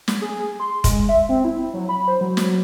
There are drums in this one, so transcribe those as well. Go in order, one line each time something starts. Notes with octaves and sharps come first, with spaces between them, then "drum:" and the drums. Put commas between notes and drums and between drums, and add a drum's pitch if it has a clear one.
drum: snare
G#4
C6
G#3, drum: kick, hi-hat
E5
C4
E4
F#3
B5
C5
F#3
drum: snare